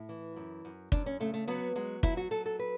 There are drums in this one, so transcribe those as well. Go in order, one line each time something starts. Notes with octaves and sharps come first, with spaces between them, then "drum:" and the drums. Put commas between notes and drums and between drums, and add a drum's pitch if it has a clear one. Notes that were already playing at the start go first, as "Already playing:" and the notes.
Already playing: A2 E4
E3
F#2
F#2
F#2 D4, drum: kick
C#4
C#3 A3
A3
F#3 B3
F#3 G#3
F#3 E4, drum: kick
F#4
F#3 A4
A4
B4